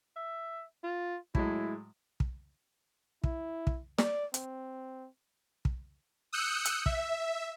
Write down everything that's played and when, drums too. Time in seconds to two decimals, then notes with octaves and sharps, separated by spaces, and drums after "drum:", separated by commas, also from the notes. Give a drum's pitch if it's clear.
0.16 E5
0.84 F4
1.35 A2 F#3 G#3 E4, drum: kick
2.20 drum: kick
3.24 E4, drum: kick
3.67 drum: kick
3.98 D5, drum: snare
4.34 C4, drum: hi-hat
5.65 drum: kick
6.33 D#6 E6 F#6 G6 C#7
6.65 drum: hi-hat
6.86 E5, drum: kick